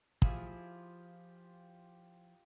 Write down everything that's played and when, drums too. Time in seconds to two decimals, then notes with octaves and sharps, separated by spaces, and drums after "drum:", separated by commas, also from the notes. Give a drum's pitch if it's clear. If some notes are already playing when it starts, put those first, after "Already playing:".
0.22 F3 E4 F4 G4 G#4, drum: kick